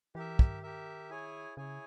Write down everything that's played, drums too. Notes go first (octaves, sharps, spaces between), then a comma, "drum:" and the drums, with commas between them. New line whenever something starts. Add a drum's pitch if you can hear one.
E3 G4 A#4 E5
D#3, drum: kick
G4 A#4 E5
E4 G#4 C#5 G#5
C#3 E4 G#4 C#5 G#5